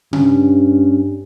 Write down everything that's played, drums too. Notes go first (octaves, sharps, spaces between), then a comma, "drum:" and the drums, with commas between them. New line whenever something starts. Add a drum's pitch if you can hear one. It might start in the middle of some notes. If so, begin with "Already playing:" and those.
G2 C#4, drum: tom C3